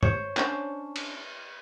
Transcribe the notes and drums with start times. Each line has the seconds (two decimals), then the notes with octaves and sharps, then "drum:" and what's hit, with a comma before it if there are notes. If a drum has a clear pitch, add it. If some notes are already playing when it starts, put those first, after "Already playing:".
0.03 C5 C#5, drum: tom G2
0.37 C#4 D4 C5, drum: clap
0.96 drum: cymbal